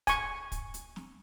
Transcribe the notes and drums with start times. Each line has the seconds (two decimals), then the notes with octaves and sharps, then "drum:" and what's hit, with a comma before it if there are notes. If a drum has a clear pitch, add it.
0.07 G#5 C#6, drum: kick, hi-hat
0.52 drum: kick, hi-hat
0.74 drum: hi-hat
0.96 drum: snare